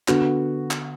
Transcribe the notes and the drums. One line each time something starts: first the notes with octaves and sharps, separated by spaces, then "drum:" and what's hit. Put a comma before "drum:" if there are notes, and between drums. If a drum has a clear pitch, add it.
D3 B3 F#4, drum: clap
drum: clap